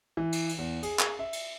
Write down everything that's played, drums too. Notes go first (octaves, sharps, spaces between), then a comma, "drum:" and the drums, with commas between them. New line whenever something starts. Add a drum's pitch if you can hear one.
E3
drum: cymbal
drum: cymbal
E2
G#4, drum: cymbal
drum: clap
E5
drum: cymbal